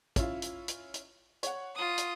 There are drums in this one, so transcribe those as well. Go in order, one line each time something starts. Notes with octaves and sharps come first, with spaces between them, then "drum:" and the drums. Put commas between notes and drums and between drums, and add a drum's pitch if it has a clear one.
C#4 E4 F4, drum: kick, hi-hat
drum: hi-hat
drum: hi-hat
drum: hi-hat
C#5 F#5, drum: hi-hat
F4 D#6
drum: hi-hat